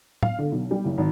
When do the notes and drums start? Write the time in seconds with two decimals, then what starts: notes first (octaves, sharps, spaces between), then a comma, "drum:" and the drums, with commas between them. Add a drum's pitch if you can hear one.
0.23 F5, drum: tom A2
0.39 D3
0.52 B1
0.71 G3
0.85 F#1
0.98 G#1